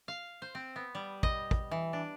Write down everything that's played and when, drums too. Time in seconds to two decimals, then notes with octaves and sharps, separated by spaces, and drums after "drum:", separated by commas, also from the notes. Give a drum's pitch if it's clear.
0.08 F5
0.42 C5
0.55 C4
0.76 B3
0.95 G3
1.23 D#5, drum: kick
1.51 drum: kick
1.71 E3
1.93 D4